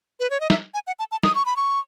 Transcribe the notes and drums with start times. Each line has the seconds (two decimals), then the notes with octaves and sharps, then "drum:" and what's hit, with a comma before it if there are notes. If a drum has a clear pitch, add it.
0.20 B4
0.30 C#5
0.40 D#5
0.50 E5, drum: snare
0.74 G#5
0.87 F#5
0.99 A5
1.12 A5
1.23 D#6, drum: snare
1.35 C#6
1.46 B5
1.56 C#6